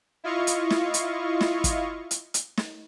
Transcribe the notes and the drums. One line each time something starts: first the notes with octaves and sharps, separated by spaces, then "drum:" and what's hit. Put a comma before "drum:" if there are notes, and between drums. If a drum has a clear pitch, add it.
E4 F4 D#5 F5 C#6
drum: hi-hat
drum: snare
drum: hi-hat
drum: snare
drum: kick, hi-hat
drum: hi-hat
drum: hi-hat
drum: snare